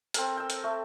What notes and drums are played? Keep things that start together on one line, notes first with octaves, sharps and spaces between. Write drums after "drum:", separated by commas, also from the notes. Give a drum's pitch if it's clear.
C4 A4 A#4, drum: hi-hat
G5 E6
drum: hi-hat
A3